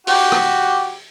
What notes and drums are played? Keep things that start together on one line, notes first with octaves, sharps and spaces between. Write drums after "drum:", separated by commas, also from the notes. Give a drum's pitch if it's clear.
F#4 G4, drum: open hi-hat
drum: rim click